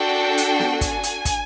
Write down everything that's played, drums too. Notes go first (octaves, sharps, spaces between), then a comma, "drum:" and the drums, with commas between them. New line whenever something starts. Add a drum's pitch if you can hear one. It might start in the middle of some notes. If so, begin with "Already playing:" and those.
Already playing: D4 F#4 A4 G5
drum: hi-hat
drum: snare B3
G#5, drum: kick, hi-hat
drum: hi-hat
drum: kick, hi-hat